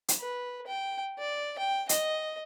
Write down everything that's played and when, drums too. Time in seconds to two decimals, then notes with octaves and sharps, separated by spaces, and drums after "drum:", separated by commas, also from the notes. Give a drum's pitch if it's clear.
0.08 drum: hi-hat
0.20 B4
0.67 G5
1.18 D5
1.58 G5
1.89 D#5, drum: hi-hat